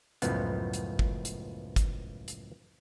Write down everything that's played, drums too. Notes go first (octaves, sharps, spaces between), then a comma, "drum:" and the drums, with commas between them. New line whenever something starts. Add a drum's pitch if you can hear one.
C#2 F#2 A2 F3 B3, drum: hi-hat
drum: hi-hat
drum: kick
drum: hi-hat
drum: kick, hi-hat
drum: hi-hat